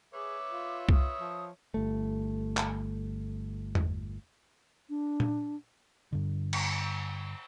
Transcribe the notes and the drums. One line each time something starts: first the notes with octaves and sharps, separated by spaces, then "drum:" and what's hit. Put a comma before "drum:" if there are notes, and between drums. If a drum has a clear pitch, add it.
G#4 B4 C#5 E5 D6
F4
D#6, drum: kick C2
F3
G1 A3
drum: clap
drum: tom E2
D4
drum: tom
G2 D3
drum: cymbal